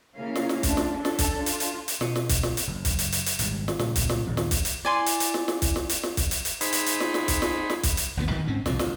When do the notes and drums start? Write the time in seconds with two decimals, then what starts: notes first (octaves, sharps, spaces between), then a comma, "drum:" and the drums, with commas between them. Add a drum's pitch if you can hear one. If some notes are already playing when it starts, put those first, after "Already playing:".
0.16 C#3 A#3 C#4 E4 F5
0.35 drum: snare
0.49 drum: snare
0.63 A3 D4 F4, drum: kick, hi-hat
0.77 drum: snare
0.94 C#4 D4 A4
1.05 drum: snare
1.19 drum: kick, hi-hat
1.37 D4 F4
1.46 drum: hi-hat
1.60 drum: hi-hat
1.88 drum: hi-hat
2.01 B2, drum: snare
2.16 drum: snare
2.29 drum: kick, hi-hat
2.43 drum: snare
2.57 drum: hi-hat
2.67 F#1
2.85 drum: kick, hi-hat
2.99 drum: hi-hat
3.12 drum: hi-hat
3.26 drum: hi-hat
3.39 G#1 G#2 G3, drum: hi-hat
3.68 drum: snare
3.79 A#2 C#3 G3, drum: snare
3.96 drum: kick, hi-hat
4.09 drum: snare
4.27 A#1 D#2
4.37 drum: snare
4.51 drum: kick, hi-hat
4.65 drum: hi-hat
4.85 E4 D5 G#5 C6
5.06 drum: hi-hat
5.20 drum: hi-hat
5.34 drum: snare
5.48 drum: snare
5.62 drum: kick, hi-hat
5.76 drum: snare
5.89 drum: hi-hat
6.03 drum: snare
6.17 drum: kick, hi-hat
6.31 drum: hi-hat
6.45 drum: hi-hat
6.61 D#4 G#4 C5 B5, drum: hi-hat
6.73 drum: hi-hat
6.86 drum: hi-hat
7.00 drum: snare
7.14 drum: snare
7.28 drum: kick, hi-hat
7.42 drum: snare
7.70 drum: snare
7.83 drum: kick, hi-hat
7.97 drum: hi-hat
8.17 G#1 D#2 D#3 B3
8.28 G1 F#2 A2 D#3
8.47 G#2 C4 C#4
8.66 C2 F2 B2 F3, drum: snare
8.79 D2, drum: snare